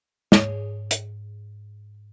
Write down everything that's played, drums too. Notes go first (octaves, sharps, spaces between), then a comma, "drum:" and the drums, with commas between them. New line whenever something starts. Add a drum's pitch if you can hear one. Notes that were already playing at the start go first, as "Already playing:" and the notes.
G#2 G#4 C#5, drum: snare
drum: hi-hat